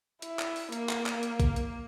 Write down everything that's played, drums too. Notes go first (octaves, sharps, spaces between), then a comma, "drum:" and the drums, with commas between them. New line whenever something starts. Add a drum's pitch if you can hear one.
E4, drum: hi-hat
drum: clap
drum: open hi-hat
A#3, drum: hi-hat
drum: clap
drum: clap
drum: hi-hat
drum: kick A#1, hi-hat
drum: hi-hat